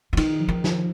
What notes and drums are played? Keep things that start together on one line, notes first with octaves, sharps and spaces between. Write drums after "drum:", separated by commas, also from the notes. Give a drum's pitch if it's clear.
F3
D#3 D#4, drum: cymbal
F3
D#3
F3, drum: snare